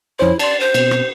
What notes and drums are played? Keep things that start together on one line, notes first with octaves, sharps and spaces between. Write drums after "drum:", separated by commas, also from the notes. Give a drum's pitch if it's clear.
F2 C#4 E4 C5
D5 A5 C6, drum: cymbal
C5
B2 C4, drum: cymbal
drum: rim click